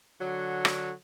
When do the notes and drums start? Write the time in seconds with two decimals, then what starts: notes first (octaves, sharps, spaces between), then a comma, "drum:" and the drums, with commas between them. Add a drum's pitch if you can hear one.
0.21 D3 F#3
0.65 drum: rim click